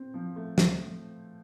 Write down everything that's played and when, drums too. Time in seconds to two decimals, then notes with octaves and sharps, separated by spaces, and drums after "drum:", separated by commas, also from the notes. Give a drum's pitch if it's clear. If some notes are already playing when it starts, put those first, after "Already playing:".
Already playing: C4
0.14 F3
0.36 A3
0.58 drum: snare